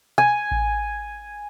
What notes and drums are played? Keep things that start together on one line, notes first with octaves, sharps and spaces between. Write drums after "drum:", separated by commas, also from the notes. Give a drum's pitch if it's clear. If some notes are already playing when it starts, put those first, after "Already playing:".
G#5, drum: tom B2
drum: kick A1